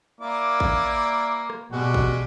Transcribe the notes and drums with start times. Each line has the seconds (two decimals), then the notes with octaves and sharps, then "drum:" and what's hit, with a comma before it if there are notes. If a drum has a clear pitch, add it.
0.21 A#3 E4 D5 D6
0.60 drum: kick A1
1.50 drum: rim click
1.72 B2 G3 G#3 F#4
1.94 drum: kick A1